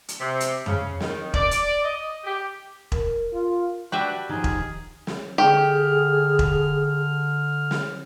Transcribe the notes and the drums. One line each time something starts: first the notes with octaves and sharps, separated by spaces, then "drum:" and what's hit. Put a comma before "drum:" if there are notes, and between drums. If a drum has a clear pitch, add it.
drum: hi-hat
C3
drum: hi-hat
C#3, drum: tom F2
D#3, drum: snare
D5, drum: kick E1
drum: hi-hat
D#5
G4
A#4, drum: kick E1
F4
D4 F#4 G4 B4 E5
D#3 F3 G#4
drum: kick E1
drum: snare
D3 G4 G#4 F6
drum: kick E1
drum: snare